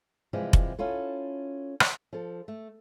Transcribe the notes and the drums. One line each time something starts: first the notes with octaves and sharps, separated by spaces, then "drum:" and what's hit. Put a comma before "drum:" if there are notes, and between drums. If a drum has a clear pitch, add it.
C3 E3 F3 G3 G#3
drum: kick F1
C#4 E4 F4 A4
drum: rim click
F3 A4
A3